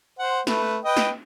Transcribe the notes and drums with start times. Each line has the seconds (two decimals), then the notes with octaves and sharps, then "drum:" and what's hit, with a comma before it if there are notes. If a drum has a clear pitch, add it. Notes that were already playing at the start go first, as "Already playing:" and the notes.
0.19 C5 F#5
0.47 A3 B4, drum: snare
0.84 B4 D#5 G5
0.97 drum: snare